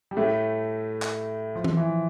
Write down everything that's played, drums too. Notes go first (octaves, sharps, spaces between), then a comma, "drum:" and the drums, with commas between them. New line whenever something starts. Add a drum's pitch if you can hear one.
G3
A2 A3
drum: clap
F3
drum: tom
E3